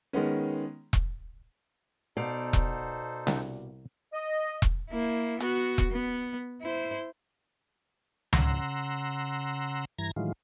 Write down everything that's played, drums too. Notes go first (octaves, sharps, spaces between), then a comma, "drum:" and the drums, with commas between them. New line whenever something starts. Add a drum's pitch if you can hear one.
D#3 G#3 B3 C#4
drum: kick E1
B2 D#4 A4 C5 D5 F5
drum: kick E1
C2, drum: snare
D#5
drum: kick E1
A#3 E4
B3 F#4, drum: hi-hat
drum: kick E1
B3
E4 C5
C#3 F#5 A#5 C6 E6, drum: tom C#2
G2 E3 A#5 G#6 A#6
A2 D#3 E3 F#3 G#3 F4